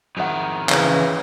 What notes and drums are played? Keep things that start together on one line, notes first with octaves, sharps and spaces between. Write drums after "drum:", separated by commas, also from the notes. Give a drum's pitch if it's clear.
F2 D#3 G#4 E5 F#5
C#3 E3, drum: clap